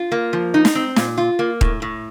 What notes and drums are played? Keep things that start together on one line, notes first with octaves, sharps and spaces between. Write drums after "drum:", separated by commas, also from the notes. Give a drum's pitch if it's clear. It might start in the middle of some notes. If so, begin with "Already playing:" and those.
Already playing: F4
A#3
F3
D#4
drum: snare
C4
A#2, drum: snare
F4
A#3
A2, drum: kick D#1
A2